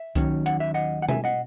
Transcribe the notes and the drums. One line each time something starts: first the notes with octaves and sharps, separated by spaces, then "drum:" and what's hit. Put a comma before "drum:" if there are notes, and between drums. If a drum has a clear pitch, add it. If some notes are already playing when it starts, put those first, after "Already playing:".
Already playing: E5
D#2 D#3 F#3 C#4, drum: kick C2, hi-hat
F#5, drum: hi-hat
E5
D#5 F#5
F#5
E5 G#5, drum: tom
D#5 F#5